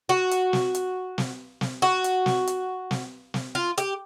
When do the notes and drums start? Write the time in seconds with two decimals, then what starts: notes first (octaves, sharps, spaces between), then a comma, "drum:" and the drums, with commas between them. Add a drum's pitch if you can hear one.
0.09 F#4
0.31 drum: hi-hat
0.53 drum: snare
0.75 drum: hi-hat
1.18 drum: snare
1.61 drum: snare
1.82 F#4
2.04 drum: hi-hat
2.26 drum: snare
2.47 drum: hi-hat
2.91 drum: snare
3.34 drum: snare
3.55 F4
3.78 G4, drum: hi-hat